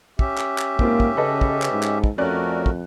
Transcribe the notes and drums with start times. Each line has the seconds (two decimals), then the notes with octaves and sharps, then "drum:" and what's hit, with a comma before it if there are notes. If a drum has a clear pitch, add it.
0.19 C#4 G4 E5, drum: kick
0.38 drum: clap
0.58 drum: clap
0.79 G#1 A#3 C4 F4, drum: kick
1.00 drum: kick
1.17 C#3 A4 B4 D#5
1.41 drum: kick
1.62 drum: clap
1.72 G#2
1.83 drum: clap
2.04 drum: kick
2.18 F2 A3 C#4 F#4 A#4 D5 F#6
2.66 drum: kick